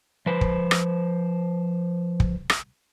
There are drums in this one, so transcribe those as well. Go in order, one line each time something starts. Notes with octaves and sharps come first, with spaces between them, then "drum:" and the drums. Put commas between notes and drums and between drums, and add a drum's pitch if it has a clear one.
F3 B4 C5
drum: kick
drum: rim click
drum: kick
drum: rim click